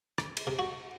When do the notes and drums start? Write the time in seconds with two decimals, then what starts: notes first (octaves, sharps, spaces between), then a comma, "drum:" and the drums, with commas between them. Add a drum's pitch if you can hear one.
0.18 D6, drum: rim click
0.37 drum: cymbal
0.47 C3
0.59 F#4